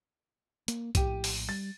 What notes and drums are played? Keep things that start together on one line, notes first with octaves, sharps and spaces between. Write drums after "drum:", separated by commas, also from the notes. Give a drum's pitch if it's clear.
A#3, drum: hi-hat
A#1 A2 G4 D#7, drum: kick B1, hi-hat
drum: open hi-hat
G3 A6